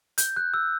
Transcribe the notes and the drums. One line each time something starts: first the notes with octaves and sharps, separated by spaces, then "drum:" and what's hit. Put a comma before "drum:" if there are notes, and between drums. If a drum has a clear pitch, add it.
G6, drum: hi-hat
F#6
E6